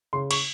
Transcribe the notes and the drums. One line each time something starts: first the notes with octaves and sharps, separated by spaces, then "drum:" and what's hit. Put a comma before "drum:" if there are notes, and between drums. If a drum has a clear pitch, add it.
C#3 C6
C#6, drum: cymbal